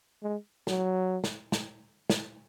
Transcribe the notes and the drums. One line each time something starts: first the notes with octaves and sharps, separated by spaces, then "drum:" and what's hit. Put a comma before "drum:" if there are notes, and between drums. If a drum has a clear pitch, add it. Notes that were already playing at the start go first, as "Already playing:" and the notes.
G#3
F#3, drum: snare
drum: snare
drum: snare
drum: snare